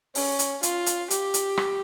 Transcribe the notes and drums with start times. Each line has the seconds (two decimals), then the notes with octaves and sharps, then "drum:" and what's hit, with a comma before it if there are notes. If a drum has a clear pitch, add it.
0.15 C#4, drum: open hi-hat
0.39 drum: hi-hat
0.63 F4, drum: hi-hat
0.86 drum: hi-hat
1.10 G4, drum: hi-hat
1.34 drum: hi-hat
1.57 drum: rim click